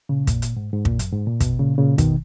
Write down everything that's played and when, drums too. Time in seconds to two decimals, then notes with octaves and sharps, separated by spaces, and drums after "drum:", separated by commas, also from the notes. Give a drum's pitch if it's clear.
0.09 A#2 C#3
0.27 A#2, drum: kick, hi-hat
0.42 drum: hi-hat
0.57 G#2
0.73 G#2
0.85 A#2, drum: kick
0.99 F#2, drum: hi-hat
1.13 G#2
1.27 A#2
1.40 B2, drum: kick, hi-hat
1.59 A#2 C#3
1.78 A#2 C#3
1.98 B2 D#3, drum: kick, hi-hat